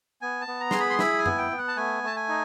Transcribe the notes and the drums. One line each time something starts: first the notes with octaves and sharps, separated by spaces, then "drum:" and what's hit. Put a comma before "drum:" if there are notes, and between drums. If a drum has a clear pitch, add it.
B3 G#5
A5
B3
A#5
G#4 C6, drum: snare
B5
C6
E4 B5, drum: snare
G#5
B3, drum: tom F#2
G5
B3
F#5
A5
A3 G#5
A3 A5
G#5
D#4